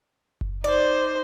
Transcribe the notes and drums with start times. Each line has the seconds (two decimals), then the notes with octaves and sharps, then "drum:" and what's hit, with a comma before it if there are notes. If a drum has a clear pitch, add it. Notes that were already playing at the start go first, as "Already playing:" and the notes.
0.41 drum: kick F#1
0.64 D#4 C5 D5